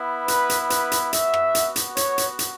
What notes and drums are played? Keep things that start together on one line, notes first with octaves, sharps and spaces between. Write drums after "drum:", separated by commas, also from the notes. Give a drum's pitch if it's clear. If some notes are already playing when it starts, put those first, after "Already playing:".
Already playing: B3 E4
B4, drum: hi-hat
drum: hi-hat
B4, drum: hi-hat
drum: hi-hat
B3 F#4 E5, drum: hi-hat
drum: rim click
drum: hi-hat
drum: hi-hat
C#5, drum: hi-hat
drum: hi-hat
drum: hi-hat